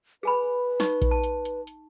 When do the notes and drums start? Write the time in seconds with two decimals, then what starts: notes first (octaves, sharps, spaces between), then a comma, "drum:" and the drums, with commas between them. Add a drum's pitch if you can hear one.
0.23 G#4 B4 G#5 B5
0.80 D#4 C#6, drum: snare
1.02 drum: kick A#1, hi-hat
1.11 A5
1.24 drum: hi-hat
1.45 drum: hi-hat
1.67 drum: hi-hat